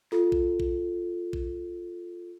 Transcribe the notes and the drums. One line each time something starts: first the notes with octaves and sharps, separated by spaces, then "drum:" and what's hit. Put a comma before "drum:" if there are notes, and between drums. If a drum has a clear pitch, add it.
F4 A4, drum: snare
drum: kick A#1
drum: kick A#1
drum: kick A#1